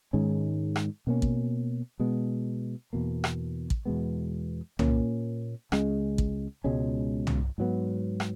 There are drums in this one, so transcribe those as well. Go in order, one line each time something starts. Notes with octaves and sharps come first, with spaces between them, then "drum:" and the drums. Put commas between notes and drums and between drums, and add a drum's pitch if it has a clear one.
G#2 D#3 G#3 C#4
drum: rim click
B2 A#3 C#4
drum: kick
B2 G#3 B3
E2 B2 A#3
drum: rim click
drum: kick
E2 B2 G#3 B3
A#2 A#3 C#4, drum: tom C2
C#2 C#3 G#3, drum: rim click
drum: kick
C#2 B2 G#3 C#4
drum: tom C2
G#2 F#3 B3
drum: rim click